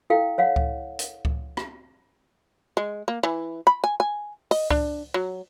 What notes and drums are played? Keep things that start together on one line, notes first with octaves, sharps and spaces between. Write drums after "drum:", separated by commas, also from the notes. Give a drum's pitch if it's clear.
E4 A4 F5 G5
C#5 F5 F#5
drum: kick C#2
drum: hi-hat
drum: kick C#2
drum: rim click
G#3
A#3
E3
B5
G#5
G#5
D#5, drum: open hi-hat
D4, drum: kick C#2
F#3